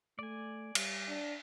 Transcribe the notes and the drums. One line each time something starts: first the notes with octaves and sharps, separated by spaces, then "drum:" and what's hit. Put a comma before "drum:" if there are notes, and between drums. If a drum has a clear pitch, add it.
A3 D5 G#5
G3, drum: cymbal
D4